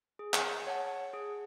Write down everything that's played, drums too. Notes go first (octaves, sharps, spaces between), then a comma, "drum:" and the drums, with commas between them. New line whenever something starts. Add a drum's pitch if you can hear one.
G#4
drum: clap
C#5 F#5 A5
G#4